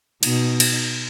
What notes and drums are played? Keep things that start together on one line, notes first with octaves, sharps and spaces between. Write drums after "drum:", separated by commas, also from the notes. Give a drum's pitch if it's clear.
B2 D#4, drum: cymbal
drum: cymbal